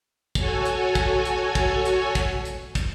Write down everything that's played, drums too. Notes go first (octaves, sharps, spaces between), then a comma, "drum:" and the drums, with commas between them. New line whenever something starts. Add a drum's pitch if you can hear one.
F#4 A4 C#5 G#5, drum: kick, hi-hat
drum: hi-hat
drum: kick, hi-hat
drum: hi-hat
drum: kick, hi-hat
drum: hi-hat
drum: kick, hi-hat
drum: hi-hat
drum: kick, hi-hat